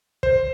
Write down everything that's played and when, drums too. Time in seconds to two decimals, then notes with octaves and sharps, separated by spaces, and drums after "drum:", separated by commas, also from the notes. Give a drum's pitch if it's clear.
0.23 C5, drum: kick